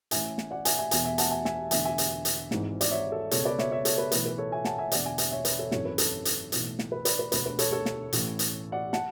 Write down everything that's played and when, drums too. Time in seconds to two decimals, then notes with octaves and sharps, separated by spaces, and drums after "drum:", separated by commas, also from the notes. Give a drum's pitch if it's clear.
0.11 A1 A2 E3 E5 G#5, drum: hi-hat
0.38 drum: snare
0.51 D5 F#5
0.65 E5 G#5, drum: hi-hat
0.78 E5 G#5
0.91 E1 E2 B2 E5 G#5, drum: hi-hat
1.04 E5 G#5
1.18 F#5 A5, drum: hi-hat
1.31 E5 G#5
1.45 E5 G#5, drum: snare
1.71 E1 E2 D3 E5 G#5, drum: hi-hat
1.85 E5 G#5
1.98 drum: hi-hat
2.25 drum: hi-hat
2.51 G#1 G#2 E3, drum: snare
2.81 D5, drum: hi-hat
2.91 C#5 E5
3.12 A4
3.31 C#2 B2 A4 C#5, drum: hi-hat
3.45 B4 D5
3.59 C#5 E5, drum: snare
3.71 C#5 E5
3.85 A4 C#5, drum: hi-hat
3.98 B4
4.12 B1 A2 E3 B4, drum: hi-hat
4.26 B4
4.38 A4 C#5
4.52 E5 G#5
4.65 F#5 A5, drum: snare
4.78 E5 G#5
4.91 E1 E2 D3 D5 F#5, drum: hi-hat
5.05 E5 G#5
5.18 E5 G#5, drum: hi-hat
5.31 C#5 E5
5.45 B4, drum: hi-hat
5.59 A4 C#5
5.71 G#1 F#2 E3 A4 C#5, drum: snare
5.85 B4
5.98 A4, drum: hi-hat
6.25 drum: hi-hat
6.52 B1 A2 E3, drum: hi-hat
6.79 drum: snare
6.92 B4
7.05 B4 D5, drum: hi-hat
7.19 B4
7.32 E1 D2 D3 B4, drum: hi-hat
7.46 B4
7.59 A4 C#5, drum: hi-hat
7.72 A4 C#5
7.86 drum: snare
8.13 A1 A2 E3, drum: hi-hat
8.39 drum: hi-hat
8.72 D5 F#5
8.93 F#5 A5, drum: snare